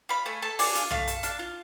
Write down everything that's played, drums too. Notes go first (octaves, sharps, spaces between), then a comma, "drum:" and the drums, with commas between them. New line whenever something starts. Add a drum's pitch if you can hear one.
F4 B5
A3 G#5
A4 A5
D4 G#5, drum: open hi-hat
F4, drum: hi-hat
A3 F5, drum: tom B1
A4, drum: hi-hat
D4 F5, drum: hi-hat
F4